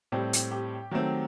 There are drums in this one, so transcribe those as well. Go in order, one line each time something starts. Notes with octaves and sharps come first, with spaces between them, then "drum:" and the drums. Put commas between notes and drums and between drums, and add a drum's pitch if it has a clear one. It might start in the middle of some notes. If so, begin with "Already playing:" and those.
A2 G3 C4 G4
drum: hi-hat
G4
D#3 F#3 A3 C4